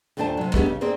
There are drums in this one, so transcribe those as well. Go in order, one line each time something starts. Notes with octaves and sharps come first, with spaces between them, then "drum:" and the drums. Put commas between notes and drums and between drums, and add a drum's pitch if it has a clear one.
D#2 A#2 A3 D4 C5 A5
C3 F#3
A3 B3 D4 D#4 G4 G#4, drum: kick
C#3
A#3 C4 D4 G#4 D5